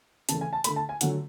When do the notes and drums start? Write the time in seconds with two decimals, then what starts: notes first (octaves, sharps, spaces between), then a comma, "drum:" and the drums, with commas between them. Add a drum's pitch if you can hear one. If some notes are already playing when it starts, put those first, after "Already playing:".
0.29 C#3 E3 A3 A5, drum: hi-hat
0.41 G#5
0.53 A5
0.64 D3 A3 B5, drum: hi-hat
0.76 A5
0.89 G#5
1.01 D3 F#3 A3 F#5, drum: hi-hat